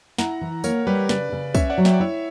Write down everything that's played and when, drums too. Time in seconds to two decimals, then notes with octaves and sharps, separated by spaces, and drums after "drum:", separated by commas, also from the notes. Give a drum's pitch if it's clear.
0.18 E4 F#5 A#5, drum: snare
0.41 E3
0.64 A#3 A#4 C#5, drum: tambourine
0.87 G3 G4 B4
1.09 C#3 B4 D5, drum: snare
1.32 C#3
1.55 C#4 C#5 E5, drum: kick, tambourine
1.70 D5 F#5
1.78 F#3
1.85 E5 G5, drum: snare
1.94 D5
2.00 E4 C#5 E5